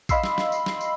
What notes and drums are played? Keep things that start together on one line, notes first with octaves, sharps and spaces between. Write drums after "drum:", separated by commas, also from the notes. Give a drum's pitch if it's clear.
D#5 F5 B5 C6 E6 C7, drum: kick A1, tambourine
drum: snare
drum: snare
drum: tambourine
drum: snare
drum: tambourine